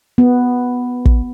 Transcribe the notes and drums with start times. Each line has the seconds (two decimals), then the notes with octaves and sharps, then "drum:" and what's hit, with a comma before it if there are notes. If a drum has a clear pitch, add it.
0.18 B3
1.05 drum: kick